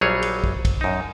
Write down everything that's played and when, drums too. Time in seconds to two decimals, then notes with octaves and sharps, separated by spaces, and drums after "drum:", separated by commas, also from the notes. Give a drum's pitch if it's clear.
0.01 A#1 F#3 G3 G#4 C#5
0.22 drum: cymbal
0.44 drum: kick
0.65 drum: kick, cymbal
0.81 F#2 D#4